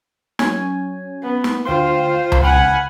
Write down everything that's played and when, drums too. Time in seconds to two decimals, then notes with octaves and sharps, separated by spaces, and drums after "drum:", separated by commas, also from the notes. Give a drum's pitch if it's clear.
0.39 F#3 C#4 G#5, drum: snare
1.23 B3
1.44 drum: snare
1.65 D2 F4 C5 G5 C6
2.32 drum: tom C#2
2.42 C#2 F#5 G#5 B5 F6